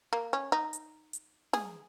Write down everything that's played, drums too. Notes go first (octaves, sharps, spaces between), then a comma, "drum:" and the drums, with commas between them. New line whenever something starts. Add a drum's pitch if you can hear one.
A#3
C#4
D#4
drum: hi-hat
drum: hi-hat
G#4, drum: snare